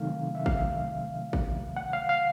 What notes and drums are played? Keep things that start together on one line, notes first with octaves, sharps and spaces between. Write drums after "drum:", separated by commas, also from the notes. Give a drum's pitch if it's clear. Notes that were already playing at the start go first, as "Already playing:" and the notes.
Already playing: C3 D#3 F#3 A3 F5
E5
F5, drum: kick
drum: kick
F#5
F5
F5